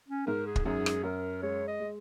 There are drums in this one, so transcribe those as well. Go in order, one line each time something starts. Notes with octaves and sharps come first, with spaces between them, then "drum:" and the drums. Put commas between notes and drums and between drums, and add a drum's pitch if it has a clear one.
C#4
G#2 A#4
G#4
drum: kick
F#2 G#4
drum: rim click
F#2 A#4
G#3 C#5
D#5
G#3